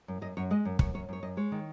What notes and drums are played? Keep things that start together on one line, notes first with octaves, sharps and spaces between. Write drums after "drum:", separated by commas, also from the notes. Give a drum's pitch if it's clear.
F#2
F#2 D#5
F#2 C#5
G#3 D#5
F#2
F#2 C#5, drum: kick
F#2 C#5
F#2 C#5
F#2 D#5
G#3 C#5
D#3